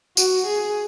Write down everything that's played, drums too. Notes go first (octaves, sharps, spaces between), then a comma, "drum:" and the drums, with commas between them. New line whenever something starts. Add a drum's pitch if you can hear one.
F#4, drum: tambourine
G#4